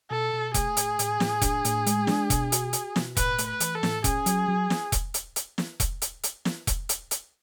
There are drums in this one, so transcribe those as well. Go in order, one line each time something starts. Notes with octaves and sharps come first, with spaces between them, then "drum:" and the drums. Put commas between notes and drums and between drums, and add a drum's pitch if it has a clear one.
B2 A4
B2
A3 G#4, drum: kick E1, hi-hat
A2, drum: hi-hat
A2, drum: hi-hat
A2, drum: snare
D4, drum: kick E1, hi-hat
A2, drum: hi-hat
G#3, drum: hi-hat
D4, drum: snare
B2, drum: kick E1, hi-hat
F#4, drum: hi-hat
F#4, drum: hi-hat
B2, drum: snare
A2 B4, drum: kick E1, hi-hat
A3, drum: hi-hat
B4
E3, drum: hi-hat
A4
A2, drum: snare
C#4 G#4, drum: kick E1, hi-hat
F#3, drum: hi-hat
F#3
drum: snare
drum: kick E1, hi-hat
drum: hi-hat
drum: hi-hat
drum: snare
drum: kick E1, hi-hat
drum: hi-hat
drum: hi-hat
drum: snare
drum: kick E1, hi-hat
drum: hi-hat
drum: hi-hat